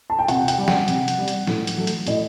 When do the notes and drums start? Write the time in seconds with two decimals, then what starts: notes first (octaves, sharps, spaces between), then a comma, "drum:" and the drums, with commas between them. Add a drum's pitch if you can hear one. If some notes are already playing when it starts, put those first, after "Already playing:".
0.10 A5
0.19 G5
0.28 C3 F#5, drum: hi-hat
0.48 G5, drum: hi-hat
0.58 G3
0.68 F#5, drum: snare
0.88 C3, drum: hi-hat
1.08 drum: hi-hat
1.18 G3
1.28 drum: hi-hat
1.47 A2, drum: snare
1.67 drum: hi-hat
1.77 F#3 A3
1.87 drum: hi-hat
2.07 A2 D#5, drum: hi-hat